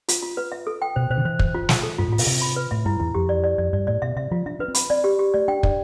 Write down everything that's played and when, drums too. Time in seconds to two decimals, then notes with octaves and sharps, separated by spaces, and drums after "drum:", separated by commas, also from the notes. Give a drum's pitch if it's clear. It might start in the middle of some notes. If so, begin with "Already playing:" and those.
0.09 F4, drum: hi-hat
0.22 F4
0.37 B4
0.52 E5
0.67 A4
0.82 G5
0.96 B2 C5
1.10 B2 C5
1.17 D3
1.25 E3 C5
1.39 C5, drum: kick
1.54 F4
1.69 F4, drum: snare
1.83 A4
1.98 G2 F4
2.08 A2
2.12 F4
2.18 B2, drum: open hi-hat
2.27 C3 E5
2.42 B5
2.56 B4
2.71 A2 E5
2.85 G2 E4
3.00 E2 E4
3.14 F2 G4
3.29 D5
3.44 D5
3.58 F2 D5
3.73 G2 D5
3.87 A2 D5
4.02 B2 E5
4.16 C3 E5
4.31 F3 F4
4.46 D4 E5
4.59 D4 B4
4.68 C4
4.75 B5, drum: hi-hat
4.90 C4 D5
5.04 G4
5.19 G4
5.34 A3 D5
5.48 D4 G5
5.63 D4 D5, drum: kick